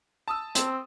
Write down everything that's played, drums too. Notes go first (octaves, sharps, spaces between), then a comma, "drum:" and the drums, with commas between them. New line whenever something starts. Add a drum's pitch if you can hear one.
A5 D#6 E6
C4, drum: hi-hat